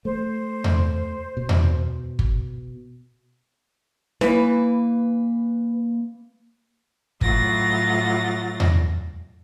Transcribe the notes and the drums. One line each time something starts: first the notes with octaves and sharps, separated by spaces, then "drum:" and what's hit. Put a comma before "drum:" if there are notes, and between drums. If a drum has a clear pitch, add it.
A3 C5
drum: tom E2
B2
drum: tom E2
drum: kick
E3 A#3 B4, drum: snare
A2 F#3 F4 A6 A#6, drum: kick
drum: tom E2